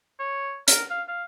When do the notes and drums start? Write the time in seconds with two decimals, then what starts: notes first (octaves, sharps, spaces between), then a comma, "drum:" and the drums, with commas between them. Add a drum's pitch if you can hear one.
0.20 C#5
0.68 A#4, drum: hi-hat
0.91 F5
1.09 F5